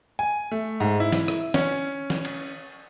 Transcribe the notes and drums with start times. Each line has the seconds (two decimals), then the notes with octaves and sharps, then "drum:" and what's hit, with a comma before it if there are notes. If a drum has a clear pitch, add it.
0.19 G#5
0.51 A3
0.80 G#2
1.00 E4
1.12 drum: snare
1.28 drum: rim click
1.54 C#4, drum: snare
2.10 drum: snare
2.25 drum: cymbal